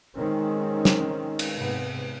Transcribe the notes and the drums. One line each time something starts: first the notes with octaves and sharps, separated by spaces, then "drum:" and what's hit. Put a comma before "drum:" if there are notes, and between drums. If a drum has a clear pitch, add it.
D#3 G#3 C4 C#4
drum: snare
drum: cymbal
G#2 C3 B3